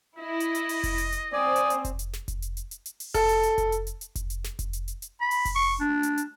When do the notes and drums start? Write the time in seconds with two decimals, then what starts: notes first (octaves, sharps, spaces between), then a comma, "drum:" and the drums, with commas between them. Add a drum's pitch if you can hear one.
0.19 E4 D#5
0.40 drum: hi-hat
0.55 drum: hi-hat
0.69 drum: open hi-hat
0.83 drum: kick F1, open hi-hat
0.98 drum: hi-hat
1.12 drum: hi-hat
1.32 C4 D5 G#5 D#6
1.56 drum: hi-hat
1.70 drum: hi-hat
1.85 drum: kick F1, hi-hat
1.99 drum: hi-hat
2.13 drum: snare
2.28 drum: kick F1, hi-hat
2.42 drum: hi-hat
2.57 drum: hi-hat
2.71 drum: hi-hat
2.86 drum: hi-hat
3.00 drum: open hi-hat
3.14 A4, drum: kick F1, open hi-hat
3.29 drum: hi-hat
3.43 drum: hi-hat
3.58 drum: kick F1, hi-hat
3.72 drum: hi-hat
3.87 drum: hi-hat
4.01 drum: hi-hat
4.15 drum: kick F1, hi-hat
4.30 drum: hi-hat
4.44 drum: snare
4.59 drum: kick F1, hi-hat
4.73 drum: hi-hat
4.88 drum: hi-hat
5.02 drum: hi-hat
5.21 B5
5.31 drum: open hi-hat
5.45 drum: kick F1, open hi-hat
5.55 C#6
5.80 D4
6.03 drum: hi-hat
6.18 drum: hi-hat